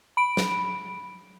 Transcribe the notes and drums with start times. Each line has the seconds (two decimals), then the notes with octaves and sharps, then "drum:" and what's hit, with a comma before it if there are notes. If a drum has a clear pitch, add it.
0.17 B5 D7
0.37 drum: snare